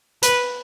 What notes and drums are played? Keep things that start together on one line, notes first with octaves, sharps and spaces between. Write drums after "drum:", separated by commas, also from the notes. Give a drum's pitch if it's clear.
B4, drum: hi-hat